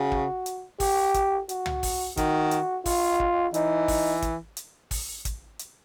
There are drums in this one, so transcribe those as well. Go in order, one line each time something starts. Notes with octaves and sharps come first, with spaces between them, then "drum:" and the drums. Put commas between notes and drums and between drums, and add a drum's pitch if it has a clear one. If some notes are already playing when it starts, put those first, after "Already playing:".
Already playing: C#3 F#4
drum: kick
drum: hi-hat
G4, drum: kick, open hi-hat
drum: kick, hi-hat
F#4, drum: hi-hat
drum: tom
drum: kick, open hi-hat
D#3 F#4, drum: kick, hi-hat
drum: hi-hat
F4, drum: kick, open hi-hat
drum: kick
E3 D#4, drum: hi-hat
drum: kick, open hi-hat
drum: kick, hi-hat
drum: hi-hat
drum: kick, open hi-hat
drum: kick, hi-hat
drum: hi-hat